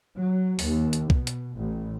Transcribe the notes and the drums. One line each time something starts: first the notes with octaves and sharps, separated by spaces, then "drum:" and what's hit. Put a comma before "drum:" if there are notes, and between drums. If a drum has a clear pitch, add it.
F#3
D#2, drum: open hi-hat
drum: hi-hat
B2, drum: kick
drum: hi-hat
A1